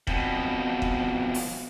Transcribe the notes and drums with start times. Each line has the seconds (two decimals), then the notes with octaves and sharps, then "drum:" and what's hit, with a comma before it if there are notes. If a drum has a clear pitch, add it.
0.07 F2 B2, drum: kick
0.82 drum: kick
1.34 drum: open hi-hat